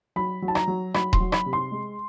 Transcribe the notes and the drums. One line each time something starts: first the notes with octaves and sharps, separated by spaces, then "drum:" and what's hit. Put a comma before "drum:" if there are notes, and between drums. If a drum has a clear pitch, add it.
F#3 B5
F#3
A5
A#5, drum: rim click
F#3
F#3 B5, drum: rim click
C6, drum: kick D#1
F#3
B5, drum: rim click
C3
C6
G#3